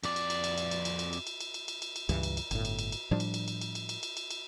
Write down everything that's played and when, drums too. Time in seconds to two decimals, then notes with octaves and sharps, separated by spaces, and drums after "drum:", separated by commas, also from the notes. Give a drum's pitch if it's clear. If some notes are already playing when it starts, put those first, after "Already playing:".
0.04 F2 D5, drum: cymbal
0.16 drum: cymbal
0.30 drum: cymbal
0.44 drum: cymbal
0.58 drum: cymbal
0.71 drum: cymbal
0.85 drum: cymbal
0.99 drum: cymbal
1.13 drum: cymbal
1.27 drum: cymbal
1.40 drum: cymbal
1.54 drum: cymbal
1.68 drum: cymbal
1.82 drum: cymbal
1.96 drum: cymbal
2.09 C#2 G2 E3, drum: cymbal
2.23 drum: cymbal
2.37 drum: cymbal
2.51 G1 A2, drum: cymbal
2.65 drum: cymbal
2.79 drum: cymbal
2.92 drum: cymbal
3.11 A2 F3 G3 D4
3.20 drum: cymbal
3.34 drum: cymbal
3.48 drum: cymbal
3.61 drum: cymbal
3.75 drum: cymbal
3.89 drum: cymbal
4.03 drum: cymbal
4.17 drum: cymbal
4.31 drum: cymbal